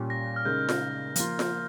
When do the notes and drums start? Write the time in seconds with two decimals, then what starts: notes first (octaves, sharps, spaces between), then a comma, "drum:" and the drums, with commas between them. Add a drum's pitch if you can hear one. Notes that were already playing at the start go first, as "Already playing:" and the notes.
Already playing: A#2 G3 C#4 G4
0.10 A#6
0.36 F6
0.45 C#3 G#3 D#4 A#4 G6
0.69 drum: snare F4
1.16 F3 A#3 F4, drum: hi-hat
1.39 drum: snare F4